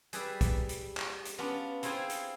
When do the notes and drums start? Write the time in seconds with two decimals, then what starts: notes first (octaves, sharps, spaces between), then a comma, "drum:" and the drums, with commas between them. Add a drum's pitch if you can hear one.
0.13 G3 G#4 B4 D5 E5, drum: hi-hat
0.41 drum: kick, hi-hat
0.69 drum: hi-hat
0.97 drum: clap
1.25 drum: hi-hat
1.38 B3 C#4 D4 F4
1.83 C4 E4 F4 G#4 C5 G#5, drum: hi-hat
2.10 drum: hi-hat